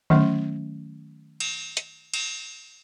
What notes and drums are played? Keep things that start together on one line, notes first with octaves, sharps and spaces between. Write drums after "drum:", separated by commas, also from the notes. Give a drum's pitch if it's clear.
D#3 F#3 A3 C#4, drum: tom D3
drum: cymbal
drum: hi-hat
drum: cymbal